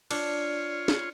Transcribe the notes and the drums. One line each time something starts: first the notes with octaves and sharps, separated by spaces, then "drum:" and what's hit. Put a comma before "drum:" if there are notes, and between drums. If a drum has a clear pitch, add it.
D4 F4 C#5, drum: cymbal
drum: snare